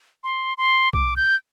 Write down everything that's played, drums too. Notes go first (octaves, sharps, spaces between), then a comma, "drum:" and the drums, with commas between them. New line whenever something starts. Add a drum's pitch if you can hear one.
C6
C6
D6, drum: kick B1
G6